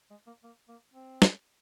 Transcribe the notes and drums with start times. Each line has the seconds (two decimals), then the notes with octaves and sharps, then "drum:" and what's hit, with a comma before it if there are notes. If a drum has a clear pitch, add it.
0.10 G#3
0.27 A#3
0.43 A#3
0.68 A#3
0.94 C4
1.22 drum: snare